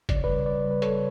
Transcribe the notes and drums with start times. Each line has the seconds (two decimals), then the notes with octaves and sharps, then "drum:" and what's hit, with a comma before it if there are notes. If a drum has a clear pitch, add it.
0.09 C#3 D5, drum: kick, hi-hat
0.16 C#5
0.24 B4 D5
0.27 G3
0.46 C#3 B4 D5
0.64 G3
0.71 B4
0.82 C#3 A4 C#5, drum: hi-hat